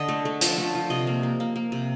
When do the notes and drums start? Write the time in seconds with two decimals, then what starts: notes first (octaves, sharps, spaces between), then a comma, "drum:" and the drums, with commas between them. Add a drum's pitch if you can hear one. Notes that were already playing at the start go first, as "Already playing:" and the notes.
Already playing: D3 D#5
0.09 A3
0.25 A3
0.41 F3, drum: hi-hat
0.58 A3
0.75 F3
0.90 C3 D#5
1.07 A#3
1.23 A#3
1.40 A#3
1.56 A#3
1.72 C3